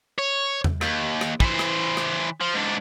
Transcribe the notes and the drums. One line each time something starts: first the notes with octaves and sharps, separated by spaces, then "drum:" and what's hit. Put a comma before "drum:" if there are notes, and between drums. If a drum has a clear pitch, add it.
C#5
drum: tom E2
D#2, drum: rim click
drum: rim click
E3 C5, drum: kick
drum: rim click
drum: rim click
F3
G#2 D4